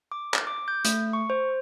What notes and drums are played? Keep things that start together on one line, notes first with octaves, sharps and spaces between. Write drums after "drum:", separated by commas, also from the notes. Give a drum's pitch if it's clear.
D6
drum: clap
D6
G6
A3, drum: hi-hat
C#6
C5